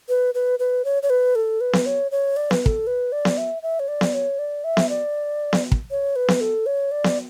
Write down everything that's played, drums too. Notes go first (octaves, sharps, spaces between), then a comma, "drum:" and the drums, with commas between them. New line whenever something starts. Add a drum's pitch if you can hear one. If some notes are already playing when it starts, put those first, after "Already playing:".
B4
B4
B4
C#5
C#5
B4
A4
B4
drum: snare B3
C#5
C#5
D5
B4, drum: snare B3
B4
A4, drum: kick
B4
D5
drum: snare B3
E5
E5
C#5
D5
drum: snare B3
C#5
D5
E5
drum: snare B3
D5
drum: snare B3
drum: kick
C#5
B4
drum: snare B3
A4
C#5
D5
drum: snare B3